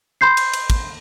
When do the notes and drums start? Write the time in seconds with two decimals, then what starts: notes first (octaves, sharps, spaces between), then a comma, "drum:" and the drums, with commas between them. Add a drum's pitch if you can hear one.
0.21 B5 C6 G6 C7
0.37 drum: cymbal
0.53 drum: cymbal
0.70 drum: kick, cymbal